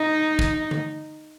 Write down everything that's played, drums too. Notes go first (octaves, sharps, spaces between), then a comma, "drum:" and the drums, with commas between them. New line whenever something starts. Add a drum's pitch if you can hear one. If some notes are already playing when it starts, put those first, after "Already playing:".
Already playing: D#4
drum: kick
drum: tom D3